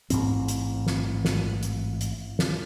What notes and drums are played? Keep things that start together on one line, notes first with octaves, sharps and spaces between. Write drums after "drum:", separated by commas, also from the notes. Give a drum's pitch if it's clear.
A1 G#2 E3 C4, drum: hi-hat
drum: hi-hat
drum: snare
drum: snare
drum: hi-hat
drum: hi-hat
drum: snare